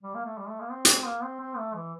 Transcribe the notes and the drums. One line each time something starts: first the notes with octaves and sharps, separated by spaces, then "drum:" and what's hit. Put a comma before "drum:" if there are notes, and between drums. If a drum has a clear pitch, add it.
G3
A#3
A3
G3
A3
A#3
C4
drum: hi-hat
A#3
C4
C4
A3
E3